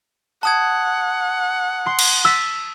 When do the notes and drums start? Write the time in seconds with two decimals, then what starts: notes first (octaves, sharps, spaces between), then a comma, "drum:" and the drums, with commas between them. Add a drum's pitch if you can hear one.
0.43 F#5 A5 D#6 G#6
1.86 C6 C7
1.99 drum: cymbal
2.25 E6 A6 B6